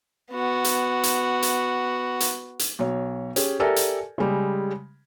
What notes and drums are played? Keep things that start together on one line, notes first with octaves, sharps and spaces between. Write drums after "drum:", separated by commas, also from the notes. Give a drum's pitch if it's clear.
B3 F#4
drum: hi-hat
drum: hi-hat
drum: hi-hat
drum: hi-hat
drum: hi-hat
B1 C#5
C#4 G4 G#4, drum: hi-hat
G4 A4 A#4 D5 E5 G#5
drum: hi-hat
C#3 G3 G#3